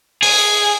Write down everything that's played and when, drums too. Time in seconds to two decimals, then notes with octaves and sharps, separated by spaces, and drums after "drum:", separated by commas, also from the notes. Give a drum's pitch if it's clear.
0.22 G#4, drum: open hi-hat